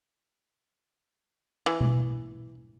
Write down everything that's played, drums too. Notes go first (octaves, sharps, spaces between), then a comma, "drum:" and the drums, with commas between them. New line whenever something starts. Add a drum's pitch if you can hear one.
E3
drum: tom B2